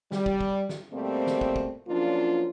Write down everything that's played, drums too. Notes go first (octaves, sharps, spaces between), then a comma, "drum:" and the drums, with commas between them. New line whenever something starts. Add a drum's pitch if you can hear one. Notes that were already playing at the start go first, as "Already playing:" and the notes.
G3, drum: snare
drum: kick
drum: kick
drum: snare
B2 G3 A3 A#3 C4
drum: snare
drum: kick
drum: kick
F3 F#3 A#3 C#4 D4 F4